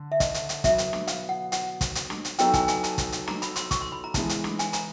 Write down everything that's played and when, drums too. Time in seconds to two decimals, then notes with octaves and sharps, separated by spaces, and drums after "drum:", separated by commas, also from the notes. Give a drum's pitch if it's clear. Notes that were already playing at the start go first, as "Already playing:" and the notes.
Already playing: D3
0.12 E5
0.20 D#5, drum: kick, hi-hat
0.34 drum: hi-hat
0.49 drum: hi-hat
0.64 B2 F#3 B3 E5, drum: kick, hi-hat
0.78 drum: hi-hat
0.93 drum: snare
1.08 F5, drum: hi-hat
1.29 F#5
1.52 F#5, drum: hi-hat
1.81 drum: kick, hi-hat
1.95 drum: hi-hat
2.10 drum: snare
2.25 drum: hi-hat
2.39 F#3 B3 D#4 F#4 A4 G5, drum: hi-hat
2.54 G#5, drum: kick, hi-hat
2.68 G#5, drum: hi-hat
2.84 A5, drum: hi-hat
2.98 drum: kick, hi-hat
3.12 drum: hi-hat
3.28 A#5, drum: snare
3.42 B5, drum: hi-hat
3.56 C6, drum: hi-hat
3.71 C#6, drum: kick, hi-hat
3.81 C6
3.92 B5
4.04 A#5
4.14 E3 G#3 B3 E4 A5, drum: kick, hi-hat
4.29 drum: hi-hat
4.44 drum: snare
4.59 G#5, drum: hi-hat
4.73 A#5, drum: hi-hat